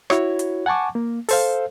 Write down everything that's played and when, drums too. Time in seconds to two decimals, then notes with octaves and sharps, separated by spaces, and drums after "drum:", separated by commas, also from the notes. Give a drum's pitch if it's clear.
0.10 E4 F#4 C#5, drum: rim click
0.39 drum: hi-hat
0.66 F#5 G#5 A5 C#6 D6
0.95 A#3
1.29 A4 C5 F5, drum: open hi-hat